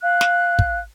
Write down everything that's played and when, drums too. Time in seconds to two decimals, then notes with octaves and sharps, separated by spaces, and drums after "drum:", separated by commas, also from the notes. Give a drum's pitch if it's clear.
0.02 F5 F#6
0.21 drum: snare
0.59 drum: kick